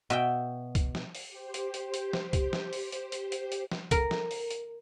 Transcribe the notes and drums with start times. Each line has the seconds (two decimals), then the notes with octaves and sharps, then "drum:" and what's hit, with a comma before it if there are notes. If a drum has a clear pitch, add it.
0.10 B2 E5 G5
0.75 drum: kick C2, hi-hat
0.95 drum: snare
1.15 drum: open hi-hat
1.28 G4 C5
1.54 drum: hi-hat
1.74 drum: hi-hat
1.94 drum: hi-hat
2.13 drum: snare
2.33 drum: kick C2, hi-hat
2.53 drum: snare
2.73 drum: open hi-hat
2.92 drum: hi-hat
3.12 drum: hi-hat
3.32 drum: hi-hat
3.52 drum: hi-hat
3.71 drum: snare
3.91 A#4, drum: kick C2, hi-hat
4.11 drum: snare
4.31 drum: open hi-hat
4.51 drum: hi-hat